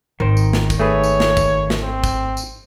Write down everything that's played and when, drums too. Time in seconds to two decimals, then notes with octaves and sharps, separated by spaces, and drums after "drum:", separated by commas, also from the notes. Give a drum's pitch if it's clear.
0.20 G#1 D#3 A#4 C5
0.37 drum: tambourine
0.53 drum: snare
0.70 drum: kick, tambourine
0.80 A3 G#4 B4 C#5
1.03 drum: tambourine
1.20 drum: snare
1.37 drum: kick, tambourine
1.70 drum: snare
1.82 C4
2.04 drum: kick, tambourine
2.37 drum: tambourine